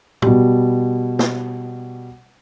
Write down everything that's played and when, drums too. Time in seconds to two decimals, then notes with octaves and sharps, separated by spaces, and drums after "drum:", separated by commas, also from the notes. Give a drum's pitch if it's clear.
0.22 B2 G3, drum: tom
1.19 drum: snare